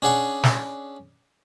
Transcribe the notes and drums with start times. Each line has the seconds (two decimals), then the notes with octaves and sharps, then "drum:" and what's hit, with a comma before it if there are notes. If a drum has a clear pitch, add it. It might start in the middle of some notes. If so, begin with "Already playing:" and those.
0.02 C#4 D4 G#4 F#5 C#6
0.43 drum: snare